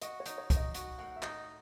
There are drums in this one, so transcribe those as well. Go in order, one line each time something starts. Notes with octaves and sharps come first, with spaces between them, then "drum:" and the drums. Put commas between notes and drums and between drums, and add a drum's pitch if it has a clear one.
F#4 D#5, drum: hi-hat
C#5
D#4, drum: hi-hat
C#5
D#4, drum: kick, hi-hat
D#5
F#4, drum: hi-hat
A2 F#5
E5
D#4 D#5, drum: clap